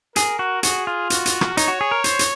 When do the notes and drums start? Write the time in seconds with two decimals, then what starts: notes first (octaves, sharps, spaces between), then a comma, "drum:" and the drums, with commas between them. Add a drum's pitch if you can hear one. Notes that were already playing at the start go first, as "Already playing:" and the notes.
0.16 G#4 A#4, drum: hi-hat
0.39 F#4
0.63 F#4 G#4, drum: hi-hat
0.87 F4
1.10 F#4, drum: hi-hat
1.26 drum: hi-hat
1.41 drum: rim click
1.57 D#4 C#5, drum: hi-hat
1.68 F#4
1.81 G#4
1.91 A#4
2.04 C5, drum: hi-hat
2.19 drum: hi-hat